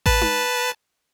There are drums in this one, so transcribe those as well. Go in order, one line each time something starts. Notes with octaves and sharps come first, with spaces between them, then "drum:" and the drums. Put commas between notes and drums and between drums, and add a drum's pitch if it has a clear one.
B4 A5, drum: kick A1
drum: tom D#4